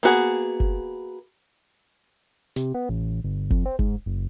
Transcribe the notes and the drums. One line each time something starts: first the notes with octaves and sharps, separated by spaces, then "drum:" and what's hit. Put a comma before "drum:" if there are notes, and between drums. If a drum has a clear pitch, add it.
A#3 B3 F#4 G#4
drum: kick F#1
C3, drum: hi-hat
B3
A1
G1
F2, drum: kick F#1
C4
G#2, drum: kick F#1
F#1